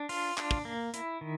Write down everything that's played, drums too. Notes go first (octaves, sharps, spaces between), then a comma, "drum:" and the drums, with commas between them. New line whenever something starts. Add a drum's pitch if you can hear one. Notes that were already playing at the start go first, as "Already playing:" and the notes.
Already playing: D4
F4, drum: open hi-hat
D4, drum: clap
drum: kick
A#3
E4, drum: hi-hat
D#3